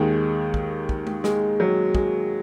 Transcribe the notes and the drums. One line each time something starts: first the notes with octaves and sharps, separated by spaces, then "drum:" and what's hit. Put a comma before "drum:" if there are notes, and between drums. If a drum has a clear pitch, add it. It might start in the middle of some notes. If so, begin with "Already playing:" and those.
Already playing: D#2 D#3 G#3
drum: kick
drum: kick
drum: tom G#3
G#3, drum: snare
F#3
G#3, drum: kick